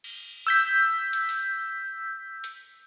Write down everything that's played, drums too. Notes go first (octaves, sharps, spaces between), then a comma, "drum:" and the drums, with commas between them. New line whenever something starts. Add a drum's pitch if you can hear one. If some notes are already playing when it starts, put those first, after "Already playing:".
drum: cymbal
E6 G6 B6, drum: open hi-hat
drum: hi-hat
drum: open hi-hat
drum: hi-hat